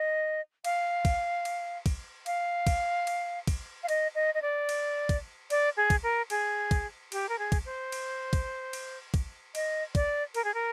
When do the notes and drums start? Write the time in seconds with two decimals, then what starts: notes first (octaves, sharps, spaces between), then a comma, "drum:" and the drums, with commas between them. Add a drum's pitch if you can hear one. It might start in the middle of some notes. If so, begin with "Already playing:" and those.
Already playing: D#5
0.65 F5, drum: cymbal
1.05 drum: kick, cymbal
1.45 drum: cymbal
1.86 drum: kick, cymbal
2.26 F5, drum: cymbal
2.67 drum: kick, cymbal
3.07 drum: cymbal
3.47 drum: kick, cymbal
3.83 F5
3.89 D#5, drum: cymbal
4.15 D#5
4.34 D#5
4.42 D5
4.69 drum: cymbal
5.09 drum: kick, cymbal
5.50 D5, drum: cymbal
5.77 G#4
5.90 drum: kick, cymbal
6.03 A#4
6.30 G#4, drum: cymbal
6.71 drum: kick, cymbal
7.12 G4, drum: cymbal
7.29 A#4
7.39 G#4
7.52 drum: kick, cymbal
7.65 C5
7.92 drum: cymbal
8.33 drum: kick, cymbal
8.73 drum: cymbal
9.14 drum: kick, cymbal
9.55 D#5, drum: cymbal
9.95 D5, drum: kick, cymbal
10.34 A#4, drum: cymbal
10.44 G#4
10.54 A#4